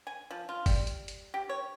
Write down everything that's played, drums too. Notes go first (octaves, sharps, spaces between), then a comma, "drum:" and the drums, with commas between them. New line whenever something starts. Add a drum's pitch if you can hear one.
G#5
F3
F4
G3, drum: kick, open hi-hat
drum: hi-hat
drum: hi-hat
G4
C#5